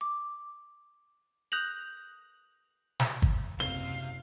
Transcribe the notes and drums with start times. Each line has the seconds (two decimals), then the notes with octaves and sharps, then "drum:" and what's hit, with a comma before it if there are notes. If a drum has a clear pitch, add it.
0.01 D6
1.52 D#6 F#6 G6 A#6 F7 F#7
3.00 drum: snare
3.22 drum: kick
3.60 F#1 C3 F5 G7